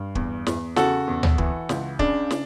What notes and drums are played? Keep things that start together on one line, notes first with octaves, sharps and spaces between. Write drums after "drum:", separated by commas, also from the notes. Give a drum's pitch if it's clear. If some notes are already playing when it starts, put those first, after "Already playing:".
Already playing: G2
E2, drum: kick
E2, drum: snare
C#3 F#4 A4, drum: snare
E2
drum: tom
E3, drum: kick
C#2, drum: snare
C#3 D4, drum: kick
drum: snare